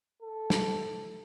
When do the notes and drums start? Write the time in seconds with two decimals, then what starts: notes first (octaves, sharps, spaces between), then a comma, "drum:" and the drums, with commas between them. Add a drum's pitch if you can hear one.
0.22 A4
0.50 drum: snare